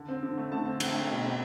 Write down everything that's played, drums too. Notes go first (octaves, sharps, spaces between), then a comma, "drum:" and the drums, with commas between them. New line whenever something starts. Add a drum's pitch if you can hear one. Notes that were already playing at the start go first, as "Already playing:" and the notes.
Already playing: D3
C4
D3
A3
D3 A5
C4
D3, drum: cymbal
A3
B2
C4